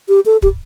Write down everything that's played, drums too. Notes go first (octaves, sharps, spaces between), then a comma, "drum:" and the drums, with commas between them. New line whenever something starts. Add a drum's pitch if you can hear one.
G4
A4
G4, drum: kick